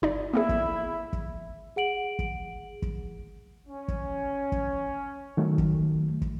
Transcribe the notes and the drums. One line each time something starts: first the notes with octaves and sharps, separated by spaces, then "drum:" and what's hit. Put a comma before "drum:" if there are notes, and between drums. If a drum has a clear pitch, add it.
G1 D#4 D5
A#3 B3 E4 G#4
drum: kick
drum: kick
G#4 F#5 D7 F#7
drum: kick
drum: kick
C#4
drum: kick
drum: kick
D#3 F#3 A3
drum: kick
drum: kick